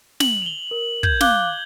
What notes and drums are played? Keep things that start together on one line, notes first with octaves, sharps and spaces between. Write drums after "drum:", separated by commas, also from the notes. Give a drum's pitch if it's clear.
F#7, drum: snare
F7 G7
A#4
G6 G#6, drum: kick
F5 D6 F#6 G7, drum: snare